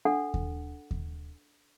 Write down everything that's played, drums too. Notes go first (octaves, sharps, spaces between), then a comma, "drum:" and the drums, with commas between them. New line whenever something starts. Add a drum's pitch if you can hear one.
D4 A4 F#5
drum: kick D#2
drum: kick D#2